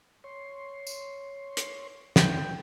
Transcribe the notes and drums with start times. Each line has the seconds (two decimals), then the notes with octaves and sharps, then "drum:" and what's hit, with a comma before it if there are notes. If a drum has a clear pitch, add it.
0.24 C#5 C6
0.87 drum: tambourine
1.57 drum: hi-hat
2.16 G5, drum: snare